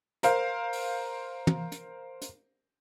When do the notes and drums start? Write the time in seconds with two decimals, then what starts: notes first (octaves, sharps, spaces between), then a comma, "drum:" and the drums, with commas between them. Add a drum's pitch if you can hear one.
0.23 A#4 C5 F5, drum: hi-hat
0.73 drum: open hi-hat
1.47 drum: tom
1.72 drum: hi-hat
2.22 drum: hi-hat